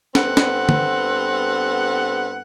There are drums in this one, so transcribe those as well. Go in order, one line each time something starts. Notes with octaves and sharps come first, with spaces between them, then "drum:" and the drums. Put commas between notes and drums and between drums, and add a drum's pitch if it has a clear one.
G2 B3 C4 A4 F#5, drum: snare
drum: snare
drum: tom